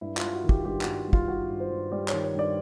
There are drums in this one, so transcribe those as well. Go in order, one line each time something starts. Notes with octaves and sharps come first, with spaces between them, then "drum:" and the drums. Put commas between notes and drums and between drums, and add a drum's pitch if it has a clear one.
G2 E4
F4, drum: clap
G3
F#4
D#3
G4, drum: kick
G2 G4
F#4, drum: clap
G2
G3
F4, drum: kick
D#3 F#4
G2
C5
G2
G3 D5
D#3 C#5, drum: clap
C#5
G2 D5